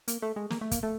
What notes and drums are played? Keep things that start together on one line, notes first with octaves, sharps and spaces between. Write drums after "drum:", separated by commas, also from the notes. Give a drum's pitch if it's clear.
A#3, drum: hi-hat
A3
G#3
A#3, drum: snare
A3
A#3, drum: kick, hi-hat
A3